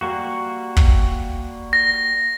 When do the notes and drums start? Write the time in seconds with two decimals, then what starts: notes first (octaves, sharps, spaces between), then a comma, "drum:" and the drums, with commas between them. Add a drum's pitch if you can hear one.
0.01 G3 A#3 F#4
0.76 drum: kick
1.73 A#6